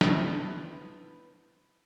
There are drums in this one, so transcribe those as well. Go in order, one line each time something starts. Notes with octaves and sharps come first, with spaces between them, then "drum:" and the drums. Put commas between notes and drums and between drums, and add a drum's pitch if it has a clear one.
B3 D4 E4 B4 C5, drum: snare